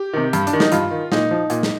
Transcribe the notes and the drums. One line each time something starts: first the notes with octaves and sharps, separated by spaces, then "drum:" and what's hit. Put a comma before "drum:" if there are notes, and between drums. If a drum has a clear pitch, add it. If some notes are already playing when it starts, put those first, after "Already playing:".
Already playing: G4
C3 D#3
G2, drum: hi-hat
D4, drum: hi-hat
D#3
D#4, drum: snare
G2 F4, drum: hi-hat
D#3
A#2 D#4, drum: snare
F3
A#2, drum: hi-hat
drum: snare